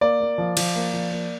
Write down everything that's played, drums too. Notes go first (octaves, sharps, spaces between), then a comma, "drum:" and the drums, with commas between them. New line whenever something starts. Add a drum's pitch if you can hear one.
A#3 D5
A#3
F3
F3, drum: cymbal
A#3
F3
A#3